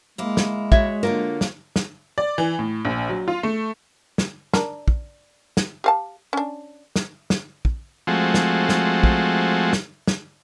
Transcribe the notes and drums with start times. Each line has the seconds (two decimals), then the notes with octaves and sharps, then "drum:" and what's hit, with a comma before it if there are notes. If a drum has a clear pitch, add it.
0.18 G#3 A#3 E4
0.37 drum: snare
0.72 F#4 C#5 E5, drum: kick
1.03 D3 A#3 F4 A#4
1.41 drum: snare
1.76 drum: snare
2.18 D5
2.38 E3
2.59 A2
2.85 A#1
3.09 F#3
3.28 F4
3.43 A3
4.18 drum: snare
4.53 D4 A#4, drum: snare
4.88 drum: kick
5.57 drum: snare
5.84 G4 F5 A5
6.33 C#4 D4
6.96 drum: snare
7.30 drum: snare
7.65 drum: kick
8.07 F3 G#3 A3 C4 F#4
8.34 drum: snare
8.69 drum: snare
9.04 drum: kick
9.73 drum: snare
10.07 drum: snare